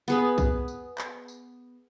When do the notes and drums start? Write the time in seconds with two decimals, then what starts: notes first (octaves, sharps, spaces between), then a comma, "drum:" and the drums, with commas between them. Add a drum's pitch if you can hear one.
0.08 B3 G#4 B4, drum: tambourine
0.38 drum: kick B1, tambourine
0.68 drum: tambourine
0.98 drum: clap
1.28 drum: tambourine